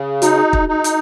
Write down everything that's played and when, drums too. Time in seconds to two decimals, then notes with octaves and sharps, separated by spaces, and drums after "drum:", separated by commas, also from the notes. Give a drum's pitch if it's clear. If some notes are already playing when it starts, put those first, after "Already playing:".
Already playing: C#3 G#4
0.22 D#4 F#4, drum: hi-hat
0.53 drum: kick
0.69 D#4
0.84 drum: hi-hat